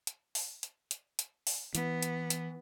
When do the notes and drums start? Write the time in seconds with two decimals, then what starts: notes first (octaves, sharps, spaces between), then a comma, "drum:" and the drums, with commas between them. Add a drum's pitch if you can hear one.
0.07 drum: hi-hat
0.35 drum: open hi-hat
0.63 drum: hi-hat
0.91 drum: hi-hat
1.19 drum: hi-hat
1.47 drum: open hi-hat
1.75 E3 B3, drum: hi-hat
2.03 drum: hi-hat
2.30 drum: hi-hat